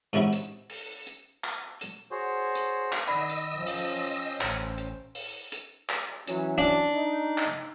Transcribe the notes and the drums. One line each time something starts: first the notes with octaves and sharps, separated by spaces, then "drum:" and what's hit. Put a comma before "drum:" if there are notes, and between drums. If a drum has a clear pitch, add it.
G#2 C3 C#4 D#4 E4 F#4
drum: hi-hat
drum: open hi-hat
drum: hi-hat
drum: clap
drum: hi-hat
F#4 G#4 C5 C#5
drum: hi-hat
drum: clap
D#3 D5 D#5 F#5 B5 E6
drum: hi-hat
F3 C#4 C5 G5
drum: open hi-hat
A1, drum: clap
drum: hi-hat
drum: open hi-hat
drum: hi-hat
drum: clap
E3 F#3 C#4, drum: hi-hat
D4
D#4
drum: clap